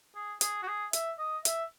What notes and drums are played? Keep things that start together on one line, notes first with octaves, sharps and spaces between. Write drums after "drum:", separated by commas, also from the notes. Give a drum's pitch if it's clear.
G#4
G#4, drum: hi-hat
F#4
G#4
E5, drum: hi-hat
D#5
E5, drum: hi-hat